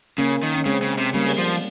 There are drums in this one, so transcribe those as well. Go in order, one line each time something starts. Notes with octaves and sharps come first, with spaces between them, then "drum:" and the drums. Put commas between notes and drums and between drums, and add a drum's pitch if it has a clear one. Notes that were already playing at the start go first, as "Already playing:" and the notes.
C#3 A#3 C#4
D#3
C#4
C#3 G#3 C4
C#3
C3
C#3 G3 A#3
drum: open hi-hat
F3